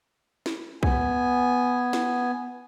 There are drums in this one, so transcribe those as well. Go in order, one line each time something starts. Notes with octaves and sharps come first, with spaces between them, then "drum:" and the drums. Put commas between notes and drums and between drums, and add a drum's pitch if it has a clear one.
drum: snare
B3 G#5, drum: kick B1
drum: snare